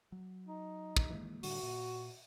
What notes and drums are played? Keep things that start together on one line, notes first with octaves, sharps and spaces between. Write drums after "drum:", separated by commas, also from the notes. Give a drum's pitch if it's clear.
F#3
D#4
drum: kick
E3 G#3 A#3
A2 D3 G3 F#4, drum: open hi-hat
A#2